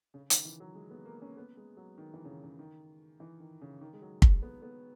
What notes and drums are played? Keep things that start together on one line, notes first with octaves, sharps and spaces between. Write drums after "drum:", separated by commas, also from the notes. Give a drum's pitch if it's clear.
C#3
D#3, drum: hi-hat
E3
F#3
G#3
B3
A#3
C#4
B3
G#3
F#3
D#3
E3
C#3
D#3
C#3
D#3
E3
D#3
C#3
D#3
G#3
F#3
drum: kick
B3
B3